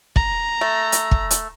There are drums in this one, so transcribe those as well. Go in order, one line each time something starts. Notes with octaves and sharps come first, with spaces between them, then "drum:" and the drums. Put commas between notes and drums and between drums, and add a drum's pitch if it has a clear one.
A#5, drum: kick
A3
drum: hi-hat
drum: kick
drum: hi-hat